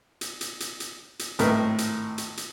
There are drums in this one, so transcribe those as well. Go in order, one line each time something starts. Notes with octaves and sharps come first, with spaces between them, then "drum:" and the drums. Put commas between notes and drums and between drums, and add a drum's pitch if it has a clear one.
drum: hi-hat
drum: hi-hat
drum: hi-hat
drum: hi-hat
drum: hi-hat
G#1 A2 A#4 B4, drum: hi-hat
drum: hi-hat
drum: hi-hat
drum: hi-hat